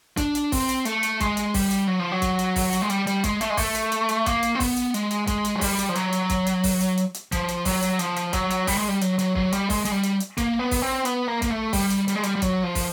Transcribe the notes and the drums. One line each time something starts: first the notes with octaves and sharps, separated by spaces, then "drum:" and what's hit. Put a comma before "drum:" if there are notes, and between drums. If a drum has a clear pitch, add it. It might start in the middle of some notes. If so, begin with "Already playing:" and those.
D4, drum: kick, hi-hat
drum: hi-hat
C4, drum: kick, open hi-hat
drum: hi-hat
A3, drum: hi-hat
drum: hi-hat
G#3, drum: kick, hi-hat
drum: hi-hat
G3, drum: kick, open hi-hat
drum: hi-hat
F#3
F3
F#3
drum: kick, hi-hat
drum: hi-hat
drum: kick, open hi-hat
drum: hi-hat
G#3
G3, drum: hi-hat
G3, drum: hi-hat
G#3, drum: kick, hi-hat
A3, drum: hi-hat
G#3
A3, drum: kick, open hi-hat
drum: hi-hat
drum: hi-hat
drum: hi-hat
A#3, drum: kick, hi-hat
drum: hi-hat
C4
B3, drum: kick, open hi-hat
drum: hi-hat
G#3, drum: hi-hat
drum: hi-hat
G#3, drum: kick, hi-hat
drum: hi-hat
F#3
G3, drum: kick, open hi-hat
drum: hi-hat
F3
F#3, drum: hi-hat
drum: hi-hat
drum: kick, hi-hat
drum: hi-hat
drum: kick, open hi-hat
drum: hi-hat
drum: hi-hat
drum: hi-hat
F3, drum: kick, hi-hat
drum: hi-hat
F#3, drum: kick, open hi-hat
drum: hi-hat
F3, drum: hi-hat
drum: hi-hat
F#3, drum: kick, hi-hat
drum: hi-hat
G3, drum: kick, open hi-hat
G#3
G3
F#3, drum: hi-hat
F#3, drum: hi-hat
F#3, drum: kick
G3, drum: hi-hat
G#3, drum: kick, open hi-hat
G#3, drum: hi-hat
G3
drum: hi-hat
drum: hi-hat
A#3, drum: kick, hi-hat
B3
drum: kick, open hi-hat
C4
B3, drum: hi-hat
A#3
A#3, drum: kick, hi-hat
A3
G3, drum: kick, open hi-hat
drum: hi-hat
G3, drum: hi-hat
G#3
G3, drum: hi-hat
G3
F#3, drum: kick, hi-hat
F3
drum: kick, open hi-hat